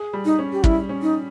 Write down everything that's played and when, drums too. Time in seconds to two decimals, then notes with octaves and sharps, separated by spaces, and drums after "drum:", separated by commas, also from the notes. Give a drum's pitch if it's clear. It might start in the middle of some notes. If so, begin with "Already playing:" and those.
Already playing: G#4
0.13 G3
0.25 D#4
0.39 C#4
0.52 G4
0.64 G3 E4, drum: kick
0.89 C#4
1.02 D#4